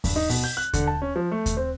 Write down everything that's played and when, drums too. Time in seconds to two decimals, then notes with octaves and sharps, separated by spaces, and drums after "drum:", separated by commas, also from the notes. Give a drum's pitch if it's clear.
0.04 G2, drum: kick D#2, open hi-hat
0.16 D#4
0.29 B2, drum: open hi-hat
0.44 G6
0.57 F#6
0.73 D3, drum: kick D#2, hi-hat
0.88 A5
1.02 C#4
1.16 F3
1.32 A3
1.46 drum: kick D#2, hi-hat
1.57 C4